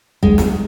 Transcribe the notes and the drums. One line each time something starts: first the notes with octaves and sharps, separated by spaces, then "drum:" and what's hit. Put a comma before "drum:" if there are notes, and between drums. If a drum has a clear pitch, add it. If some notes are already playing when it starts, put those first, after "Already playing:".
G#3, drum: kick
drum: snare